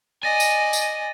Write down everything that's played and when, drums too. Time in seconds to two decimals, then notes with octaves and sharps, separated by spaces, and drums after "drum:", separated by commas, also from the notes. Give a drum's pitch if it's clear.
0.23 D5 D#5 G#5 A6 A#6 D#7
0.40 drum: tambourine
0.73 drum: tambourine